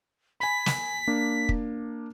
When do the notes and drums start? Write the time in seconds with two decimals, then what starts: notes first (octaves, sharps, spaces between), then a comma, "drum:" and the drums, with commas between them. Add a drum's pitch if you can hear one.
0.40 G#5 B5 B6
0.66 drum: snare
1.07 A#3 D4
1.49 drum: kick